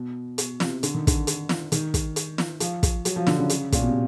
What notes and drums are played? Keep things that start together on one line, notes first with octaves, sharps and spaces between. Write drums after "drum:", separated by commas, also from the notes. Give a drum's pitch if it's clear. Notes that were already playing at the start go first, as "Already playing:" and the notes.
Already playing: B2
B2, drum: hi-hat
C3, drum: snare
D3, drum: hi-hat
D#3
D3, drum: kick, hi-hat
drum: hi-hat
drum: snare
D#3, drum: hi-hat
drum: kick, hi-hat
drum: hi-hat
drum: snare
F3, drum: hi-hat
drum: kick, hi-hat
F#3, drum: hi-hat
F3
D3, drum: snare
C#3
drum: hi-hat
A#2, drum: kick, hi-hat
B2
C3